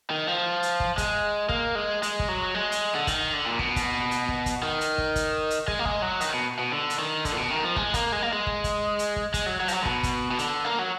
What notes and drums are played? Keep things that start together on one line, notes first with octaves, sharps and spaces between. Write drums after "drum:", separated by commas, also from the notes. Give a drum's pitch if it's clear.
D#3
F3
drum: hi-hat
drum: kick
G#3, drum: kick, hi-hat
A#3, drum: kick
G#3
G#3, drum: hi-hat
drum: kick
F#3
G#3
drum: hi-hat
D3
D#3, drum: kick, hi-hat
D3
A#2
B2, drum: kick
drum: kick, hi-hat
drum: hi-hat
drum: kick
drum: kick, hi-hat
D#3
drum: hi-hat
drum: kick
drum: kick, hi-hat
drum: hi-hat
G#3, drum: kick
A#3
G#3, drum: kick
F#3
D#3, drum: hi-hat
B2
B2
D3
drum: hi-hat
D#3
D3, drum: kick, hi-hat
A#2
B2
D#3
F3
G#3, drum: kick
A#3, drum: kick, hi-hat
G#3
A#3
G#3
drum: kick
drum: kick, hi-hat
drum: hi-hat
drum: kick
G#3, drum: kick, hi-hat
F#3
F#3
F3, drum: hi-hat
F#3
D3
B2, drum: kick
drum: kick, hi-hat
B2
D3, drum: hi-hat
A#3
F#3